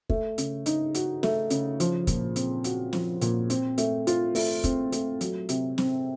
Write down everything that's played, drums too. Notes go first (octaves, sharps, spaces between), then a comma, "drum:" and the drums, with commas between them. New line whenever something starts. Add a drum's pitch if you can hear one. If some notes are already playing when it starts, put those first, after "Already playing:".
A3, drum: kick
C#3, drum: hi-hat
D#4, drum: hi-hat
F#4, drum: hi-hat
A3, drum: snare
C#3, drum: hi-hat
F3, drum: hi-hat
A#2, drum: kick, hi-hat
C4, drum: hi-hat
F#4, drum: hi-hat
F3, drum: snare
A#2, drum: hi-hat
C4, drum: hi-hat
A3, drum: hi-hat
F4, drum: hi-hat
A3, drum: open hi-hat
C4, drum: kick, hi-hat
A3, drum: hi-hat
F#3, drum: hi-hat
C3, drum: hi-hat
C4, drum: snare